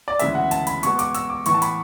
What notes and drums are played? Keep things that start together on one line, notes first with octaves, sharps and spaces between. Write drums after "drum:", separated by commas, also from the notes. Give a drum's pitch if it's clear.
D5
D2 C#3 E3 G#3 B3 E5, drum: hi-hat
F#5
A5, drum: hi-hat
B5, drum: hi-hat
B2 G#3 B3 C#6, drum: hi-hat
D6, drum: hi-hat
E6, drum: hi-hat
D6
A2 E3 B3 C#6, drum: hi-hat
A5
B5, drum: hi-hat